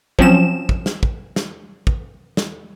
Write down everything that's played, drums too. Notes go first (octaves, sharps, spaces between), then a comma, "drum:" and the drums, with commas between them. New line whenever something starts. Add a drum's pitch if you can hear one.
F3 F#3 C4 C#4 E7, drum: kick
drum: kick
drum: snare
drum: kick
drum: snare
drum: kick
drum: snare